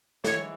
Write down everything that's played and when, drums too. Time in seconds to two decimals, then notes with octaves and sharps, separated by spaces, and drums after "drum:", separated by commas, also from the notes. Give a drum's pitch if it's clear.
0.24 G#2 E3 C#5, drum: snare